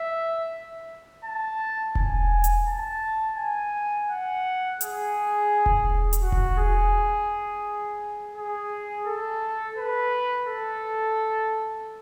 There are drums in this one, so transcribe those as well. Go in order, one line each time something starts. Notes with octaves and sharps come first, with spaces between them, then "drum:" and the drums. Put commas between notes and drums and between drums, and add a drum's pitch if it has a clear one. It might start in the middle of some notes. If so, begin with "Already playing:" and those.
Already playing: E5
A5
G#5, drum: kick E1
drum: hi-hat
A5
G#5
F#5
G#4, drum: hi-hat
drum: kick E1
drum: hi-hat
F#4
drum: kick E1
G#4
G#4
A4
B4
A4